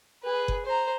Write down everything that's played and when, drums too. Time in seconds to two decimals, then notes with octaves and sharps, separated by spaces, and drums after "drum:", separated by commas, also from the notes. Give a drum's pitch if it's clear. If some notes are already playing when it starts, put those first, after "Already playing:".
0.23 G#4 B4
0.48 drum: kick F#1
0.66 C5 A#5